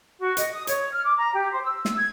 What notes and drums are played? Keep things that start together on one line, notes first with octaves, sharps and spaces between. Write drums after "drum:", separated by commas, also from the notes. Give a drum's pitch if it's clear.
F#4
D#5, drum: hi-hat
D#6
C#5, drum: hi-hat
F6
D6
A#5
G4
C5
E6
E6, drum: snare
G#6